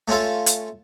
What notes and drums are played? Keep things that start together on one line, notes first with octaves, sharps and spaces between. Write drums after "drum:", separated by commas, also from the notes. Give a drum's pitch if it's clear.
A3 C#4 F4 A4
drum: hi-hat